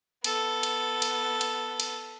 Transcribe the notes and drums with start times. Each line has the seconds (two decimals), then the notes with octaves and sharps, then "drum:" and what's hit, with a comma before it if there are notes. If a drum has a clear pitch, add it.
0.24 B3 A4, drum: cymbal
0.63 drum: cymbal
1.02 drum: cymbal
1.41 drum: cymbal
1.80 drum: cymbal